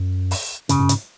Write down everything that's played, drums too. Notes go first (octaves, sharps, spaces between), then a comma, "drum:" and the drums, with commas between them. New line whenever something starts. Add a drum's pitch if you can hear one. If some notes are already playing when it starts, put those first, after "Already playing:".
Already playing: F#2
drum: open hi-hat
F#2 C#3, drum: hi-hat
F#2
G#2, drum: hi-hat